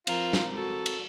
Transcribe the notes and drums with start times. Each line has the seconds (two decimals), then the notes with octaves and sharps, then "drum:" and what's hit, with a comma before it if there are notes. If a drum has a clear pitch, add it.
0.07 F3 C4 F4 A#4, drum: cymbal
0.33 drum: snare
0.56 F#4 A4
0.86 drum: cymbal